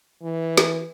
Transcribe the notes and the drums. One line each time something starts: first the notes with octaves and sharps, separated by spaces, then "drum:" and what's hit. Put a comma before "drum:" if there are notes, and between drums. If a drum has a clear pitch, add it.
E3
drum: snare